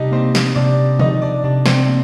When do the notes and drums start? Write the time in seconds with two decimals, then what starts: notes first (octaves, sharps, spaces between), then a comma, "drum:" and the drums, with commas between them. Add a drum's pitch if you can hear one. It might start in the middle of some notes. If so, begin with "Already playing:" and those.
Already playing: C3 G3 D4 D#4 G4 D5 D#5
0.11 A#3 C4 C5
0.35 drum: snare
0.55 C3 D4 D5
0.99 F3 D#4 D#5, drum: tom
1.22 D4 D5
1.44 C3 D4 D5
1.66 C4 C5, drum: snare
1.88 A#3